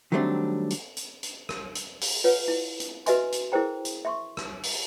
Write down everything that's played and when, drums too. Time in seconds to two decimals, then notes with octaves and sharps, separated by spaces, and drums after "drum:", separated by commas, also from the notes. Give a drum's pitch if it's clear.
0.12 D#3 F#3 G3 A3 C4 D4
0.70 drum: hi-hat
0.97 drum: hi-hat
1.23 drum: hi-hat
1.49 drum: rim click
1.75 drum: hi-hat
2.01 drum: open hi-hat
2.24 F4 B4 C#5 F#5
2.48 E4
2.80 drum: hi-hat
3.06 F#4 B4 D#5 E5 G#5 C6, drum: hi-hat
3.32 drum: hi-hat
3.52 E4 G#4 A#4 C5 G5 A#5
3.85 drum: hi-hat
4.05 E5 C6 C#6
4.37 drum: rim click
4.63 drum: open hi-hat